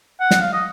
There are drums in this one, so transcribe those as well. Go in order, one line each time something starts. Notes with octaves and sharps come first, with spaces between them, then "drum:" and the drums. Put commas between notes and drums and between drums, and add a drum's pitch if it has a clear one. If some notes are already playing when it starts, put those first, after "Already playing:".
F#5
drum: snare
F5
D#5